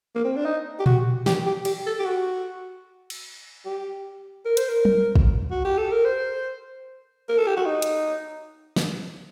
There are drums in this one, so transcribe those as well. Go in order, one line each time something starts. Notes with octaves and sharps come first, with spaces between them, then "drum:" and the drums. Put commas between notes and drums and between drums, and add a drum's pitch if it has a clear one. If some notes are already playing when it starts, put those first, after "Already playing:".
A#3
C4
D4
D#4
G4
F#4, drum: tom A#2
G4, drum: snare
G4
G4, drum: cymbal
A4
G4
F#4
drum: cymbal
G4
A#4
C5, drum: hi-hat
A#4
drum: tom F#3
drum: kick
F#4
G4
A4
A#4
C5
A#4
A4
G4
F#4
D#4
drum: hi-hat
drum: snare